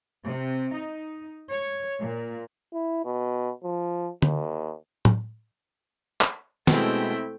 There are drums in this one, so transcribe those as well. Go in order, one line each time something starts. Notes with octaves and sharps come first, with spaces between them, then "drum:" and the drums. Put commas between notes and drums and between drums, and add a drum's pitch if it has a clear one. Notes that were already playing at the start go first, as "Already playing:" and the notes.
C3
D#4
C#5
A#2
E4
B2
F3
D#2, drum: tom D3
drum: tom A2
drum: clap
B2 G#3 A3 C4 E4 G5, drum: snare